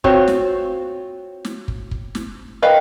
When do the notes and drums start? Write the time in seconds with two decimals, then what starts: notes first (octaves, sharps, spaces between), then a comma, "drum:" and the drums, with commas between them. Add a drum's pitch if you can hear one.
0.04 C4 F4 F#4 C5 C#5, drum: kick
0.28 drum: snare
1.45 drum: snare
1.68 drum: kick
1.91 drum: kick
2.15 drum: snare
2.62 A#4 B4 D#5 F5 G5